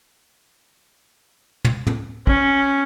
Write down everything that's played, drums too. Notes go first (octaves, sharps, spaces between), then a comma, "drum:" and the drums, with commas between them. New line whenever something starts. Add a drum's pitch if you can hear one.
drum: tom
drum: tom
C#4, drum: kick